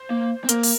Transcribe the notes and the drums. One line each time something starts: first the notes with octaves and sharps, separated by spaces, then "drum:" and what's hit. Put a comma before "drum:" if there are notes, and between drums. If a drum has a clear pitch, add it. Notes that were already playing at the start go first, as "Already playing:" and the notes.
Already playing: C5
A#3
C4
A#3 A#4, drum: hi-hat
drum: open hi-hat